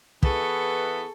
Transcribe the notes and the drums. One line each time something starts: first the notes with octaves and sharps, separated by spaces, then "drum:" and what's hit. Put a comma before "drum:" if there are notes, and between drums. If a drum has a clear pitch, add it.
E3 B3 G#4 A4 C#6, drum: kick